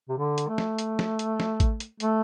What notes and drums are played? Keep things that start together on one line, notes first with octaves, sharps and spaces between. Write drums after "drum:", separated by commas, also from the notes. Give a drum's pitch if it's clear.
C3
D3
drum: hi-hat
A3
drum: snare
drum: hi-hat
drum: snare
drum: hi-hat
drum: snare
drum: kick A1, hi-hat
drum: hi-hat
A3, drum: hi-hat